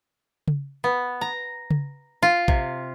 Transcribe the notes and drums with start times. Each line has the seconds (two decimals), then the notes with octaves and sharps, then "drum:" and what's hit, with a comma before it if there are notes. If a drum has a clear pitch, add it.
0.48 drum: tom C#3
0.84 B3
1.21 A#5
1.70 drum: tom C#3
2.23 F4
2.48 C3, drum: kick A1